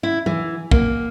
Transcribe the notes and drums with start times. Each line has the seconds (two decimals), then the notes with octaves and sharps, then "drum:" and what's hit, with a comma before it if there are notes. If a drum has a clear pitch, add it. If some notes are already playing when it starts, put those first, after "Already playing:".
0.03 E4
0.26 E3, drum: tom F#3
0.71 A#3, drum: kick